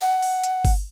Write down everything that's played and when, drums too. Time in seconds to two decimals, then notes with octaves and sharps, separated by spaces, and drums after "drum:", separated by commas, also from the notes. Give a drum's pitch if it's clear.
0.01 F#5
0.22 drum: open hi-hat
0.44 drum: hi-hat
0.65 drum: kick G1, open hi-hat